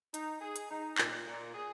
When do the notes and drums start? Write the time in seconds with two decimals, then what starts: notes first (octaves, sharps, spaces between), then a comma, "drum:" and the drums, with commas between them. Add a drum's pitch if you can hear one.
0.14 D#4, drum: hi-hat
0.41 G#4
0.56 drum: hi-hat
0.70 D#4
0.98 A#2, drum: clap
1.26 A#2
1.54 G#4